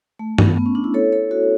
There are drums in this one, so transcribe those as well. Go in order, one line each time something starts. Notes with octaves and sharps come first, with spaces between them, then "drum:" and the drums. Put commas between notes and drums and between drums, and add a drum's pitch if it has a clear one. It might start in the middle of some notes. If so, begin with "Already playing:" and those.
A3
B3, drum: tom
B3
C#4
D4
E4
A4 C#5
A4 C#5
F#4 A4